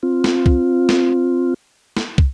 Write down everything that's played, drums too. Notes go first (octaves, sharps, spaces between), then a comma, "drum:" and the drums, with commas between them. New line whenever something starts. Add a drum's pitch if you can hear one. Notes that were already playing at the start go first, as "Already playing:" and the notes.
C4 F4
drum: snare
drum: kick
drum: snare
drum: snare
drum: kick